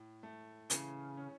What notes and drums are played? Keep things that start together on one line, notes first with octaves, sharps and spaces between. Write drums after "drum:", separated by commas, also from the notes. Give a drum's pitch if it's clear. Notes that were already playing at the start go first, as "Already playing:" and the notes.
Already playing: A2
A3
C#3 E3, drum: hi-hat
C#4